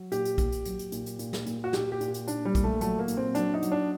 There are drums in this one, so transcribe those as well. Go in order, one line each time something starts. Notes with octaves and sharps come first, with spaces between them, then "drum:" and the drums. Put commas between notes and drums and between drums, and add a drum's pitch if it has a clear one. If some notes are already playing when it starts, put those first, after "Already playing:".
Already playing: F#3
A#2 G4, drum: hi-hat
drum: hi-hat
A#2, drum: kick, hi-hat
drum: hi-hat
F#3, drum: hi-hat
drum: hi-hat
A#2, drum: hi-hat
drum: hi-hat
A#2, drum: hi-hat
drum: snare
A#2, drum: hi-hat
F#4
A#2 G4, drum: snare
G4
A#2, drum: hi-hat
drum: hi-hat
A#2 D4, drum: hi-hat
G3
A#2, drum: kick, hi-hat
A3
F#3 A3, drum: hi-hat
A#3
A#2, drum: hi-hat
C4
F#3 D4, drum: hi-hat
D#4
F#3, drum: hi-hat
D4